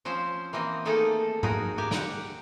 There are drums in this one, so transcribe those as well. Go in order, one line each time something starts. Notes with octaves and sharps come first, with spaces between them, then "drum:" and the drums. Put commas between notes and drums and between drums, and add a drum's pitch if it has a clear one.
F3 C4 C#4 C5
E3 A#3 C4 D#5
D#3 A3 A#3 D#4 G#4 A4
D#4 F#4 G#4 A#4, drum: tom G#2
A#3 G4 G#5
F#5 G5, drum: snare